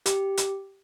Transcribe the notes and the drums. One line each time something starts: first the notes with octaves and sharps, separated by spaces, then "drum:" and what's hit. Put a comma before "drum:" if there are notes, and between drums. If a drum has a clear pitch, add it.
G4, drum: hi-hat
drum: hi-hat